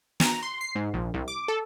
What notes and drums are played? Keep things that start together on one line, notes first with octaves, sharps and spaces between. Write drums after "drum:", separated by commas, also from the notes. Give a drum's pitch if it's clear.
A#5, drum: snare
C6
C7
G#2
A#1
C2
D6
A4